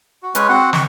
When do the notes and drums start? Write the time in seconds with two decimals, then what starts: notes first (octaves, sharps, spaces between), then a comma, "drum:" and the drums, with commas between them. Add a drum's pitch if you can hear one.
0.23 F#4
0.35 G#3 C#4 B4, drum: hi-hat
0.49 C4 F#4 F#5
0.73 C#6, drum: snare